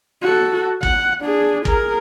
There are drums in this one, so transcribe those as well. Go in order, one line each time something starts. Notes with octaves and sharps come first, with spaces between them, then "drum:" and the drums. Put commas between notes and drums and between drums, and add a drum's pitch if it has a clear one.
F#4 A4
F#5, drum: kick
D4 G#4
G#4 A#4, drum: kick